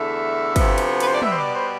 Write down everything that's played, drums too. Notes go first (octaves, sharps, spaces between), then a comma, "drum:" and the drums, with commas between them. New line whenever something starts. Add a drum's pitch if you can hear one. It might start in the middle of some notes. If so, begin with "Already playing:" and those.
Already playing: E2 D3 A3 E5
D2 C3 F3 B3, drum: kick, cymbal
drum: cymbal
B4, drum: cymbal
C5
D5
B2 G3 B3 E5, drum: tom
C5
D5
C5